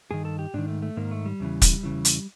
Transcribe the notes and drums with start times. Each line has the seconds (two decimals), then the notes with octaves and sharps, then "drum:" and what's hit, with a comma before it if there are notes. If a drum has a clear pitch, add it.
0.11 G2 D#3 G#4
0.25 A4
0.39 G4
0.54 G#2 D#3 D4
0.68 A3
0.82 A3
0.97 G#2 D#3 A#3
1.11 A3
1.26 G3
1.40 E2 C#3 E3
1.62 drum: kick, hi-hat
1.83 E2 C#3 E3
2.05 drum: hi-hat